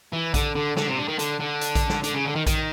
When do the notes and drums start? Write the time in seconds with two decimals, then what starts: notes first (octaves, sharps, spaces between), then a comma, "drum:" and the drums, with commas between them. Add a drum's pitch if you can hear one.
0.13 E3
0.34 D3, drum: kick A#1, hi-hat
0.55 D3
0.77 D3, drum: snare
0.87 C3
0.98 D3
1.09 D#3
1.19 D3, drum: hi-hat
1.40 D3
1.61 drum: hi-hat
1.75 drum: kick A#1, hi-hat
1.90 drum: snare
2.04 D3, drum: hi-hat
2.14 C#3
2.25 D3
2.36 D#3
2.47 D#3, drum: kick A#1, hi-hat